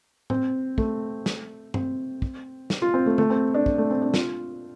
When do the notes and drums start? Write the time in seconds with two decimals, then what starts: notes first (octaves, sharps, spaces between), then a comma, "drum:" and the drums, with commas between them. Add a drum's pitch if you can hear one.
0.30 C4, drum: tom A2
0.78 A3, drum: kick
1.26 drum: snare
1.74 C4, drum: tom
2.22 drum: kick
2.70 drum: snare
2.82 F4
2.94 C4
3.06 A3
3.18 A3, drum: tom
3.30 C4
3.54 D4
3.66 drum: kick
3.78 A3
3.90 C4
4.02 D4
4.14 F4, drum: snare